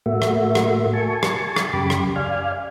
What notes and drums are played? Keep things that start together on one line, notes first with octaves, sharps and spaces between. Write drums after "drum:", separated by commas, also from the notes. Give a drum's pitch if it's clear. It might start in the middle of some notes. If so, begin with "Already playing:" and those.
A2 A3 A#3 F#4 E5
drum: rim click
drum: rim click
G#5 A5 C#6
drum: rim click
drum: rim click
F#2 C#3 G4 B5 D6
drum: rim click
D5 F5 G#5 F6